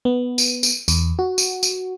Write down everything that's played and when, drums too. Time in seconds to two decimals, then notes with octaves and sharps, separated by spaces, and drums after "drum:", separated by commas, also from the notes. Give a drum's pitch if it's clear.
0.05 B3
0.38 drum: tambourine
0.63 drum: tambourine
0.88 E2, drum: tambourine
1.19 F#4
1.38 drum: tambourine
1.63 drum: tambourine